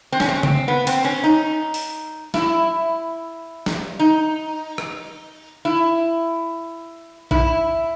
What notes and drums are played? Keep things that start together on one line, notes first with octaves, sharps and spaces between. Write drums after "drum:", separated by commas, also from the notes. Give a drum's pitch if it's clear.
C4
C#4, drum: snare
C4
C#4
C4, drum: tom C#3
B3
C4, drum: cymbal
C#4
D#4
drum: open hi-hat
E4, drum: snare
drum: snare
D#4
drum: rim click
E4
E4, drum: kick